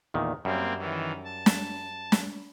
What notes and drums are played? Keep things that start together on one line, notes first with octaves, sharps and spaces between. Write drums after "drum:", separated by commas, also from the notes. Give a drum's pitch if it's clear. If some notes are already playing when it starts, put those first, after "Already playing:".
E2 A#2 D#3
F#2 G3 A#3 C4
D#3 E3
A5
drum: snare
drum: snare